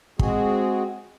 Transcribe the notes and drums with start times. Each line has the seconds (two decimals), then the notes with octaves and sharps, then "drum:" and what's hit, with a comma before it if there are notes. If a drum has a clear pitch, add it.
0.19 G#3 C4 F#4 G#4, drum: kick